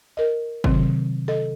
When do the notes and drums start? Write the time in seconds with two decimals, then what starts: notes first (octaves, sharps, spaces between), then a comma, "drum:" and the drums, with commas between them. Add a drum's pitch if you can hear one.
0.17 A#4 D#5
0.64 C3 D#3 F#3 C4, drum: kick G1
1.28 A4 D#5